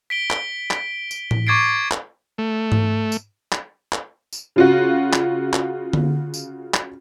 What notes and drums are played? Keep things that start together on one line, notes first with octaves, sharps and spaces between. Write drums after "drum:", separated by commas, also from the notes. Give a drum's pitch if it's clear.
B6 D7 G7
drum: clap
drum: clap
drum: tambourine
drum: tom A2
C#6 D6 G#6 A6 C7 D7
drum: clap
A3
drum: tom G#2
drum: tambourine
drum: clap
drum: clap
drum: tambourine
C#3 F4 F#4
drum: clap
drum: clap
drum: tom D3
drum: tambourine
drum: clap